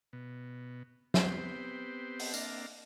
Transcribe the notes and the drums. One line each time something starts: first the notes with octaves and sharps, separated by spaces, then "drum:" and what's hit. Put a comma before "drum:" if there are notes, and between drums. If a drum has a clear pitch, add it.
B2
B3 C4 G4 C5, drum: snare
drum: open hi-hat
A#3 C4 D4 F5, drum: tambourine